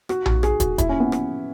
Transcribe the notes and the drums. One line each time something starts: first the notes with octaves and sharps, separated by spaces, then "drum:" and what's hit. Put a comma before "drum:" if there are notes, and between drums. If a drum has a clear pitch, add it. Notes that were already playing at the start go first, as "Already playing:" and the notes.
F#4, drum: rim click
F#4, drum: tom A#1
G#4, drum: rim click
F#4, drum: kick, hi-hat
E4, drum: kick, hi-hat
C#4
B3
drum: rim click